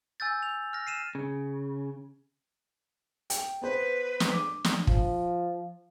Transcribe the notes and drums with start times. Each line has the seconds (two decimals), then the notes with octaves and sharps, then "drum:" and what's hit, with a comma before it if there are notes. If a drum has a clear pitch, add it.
0.20 G#5 E6 G6 A6
0.43 F7
0.73 F6 A#6
0.87 C7 D#7 E7
1.15 C#3
3.30 G5, drum: hi-hat
3.62 B3 B4 C5
4.20 drum: snare
4.33 D6
4.64 drum: snare
4.87 F3, drum: kick